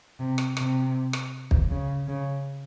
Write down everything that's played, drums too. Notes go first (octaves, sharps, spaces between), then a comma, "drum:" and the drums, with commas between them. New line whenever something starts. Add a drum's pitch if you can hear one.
C3
drum: rim click
C3, drum: rim click
drum: rim click
drum: kick
C#3
C#3